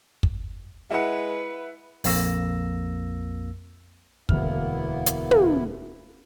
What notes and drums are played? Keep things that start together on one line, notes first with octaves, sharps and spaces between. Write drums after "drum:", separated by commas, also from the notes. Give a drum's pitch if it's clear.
drum: kick
G#3 E4 B4 F#5
A#1 F2 A#3 E6 A#6, drum: open hi-hat
E1 D2 A#3 B3 E4 F6, drum: kick
drum: hi-hat
drum: tom